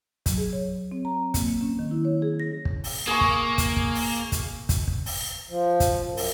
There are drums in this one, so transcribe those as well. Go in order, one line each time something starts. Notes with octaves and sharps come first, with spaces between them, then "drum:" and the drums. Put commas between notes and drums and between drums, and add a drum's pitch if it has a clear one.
F#3, drum: kick, hi-hat
G#4
C#5
C4
A#5
A#3, drum: kick, hi-hat
C#4
D#3
E4
C#5
G#4
A#6
drum: kick
drum: open hi-hat
A#3 G#4 C#6
drum: kick
drum: kick, hi-hat
drum: kick
drum: open hi-hat
drum: kick, hi-hat
drum: kick, hi-hat
drum: kick
drum: open hi-hat
F3
drum: kick, hi-hat
F#2
drum: open hi-hat